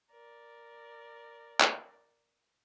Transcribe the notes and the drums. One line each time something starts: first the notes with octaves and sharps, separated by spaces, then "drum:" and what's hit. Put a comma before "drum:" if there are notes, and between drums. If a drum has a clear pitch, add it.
A#4 D5
drum: clap